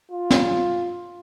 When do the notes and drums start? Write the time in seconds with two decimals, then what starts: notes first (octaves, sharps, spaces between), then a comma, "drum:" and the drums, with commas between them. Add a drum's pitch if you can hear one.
0.11 F4
0.30 drum: snare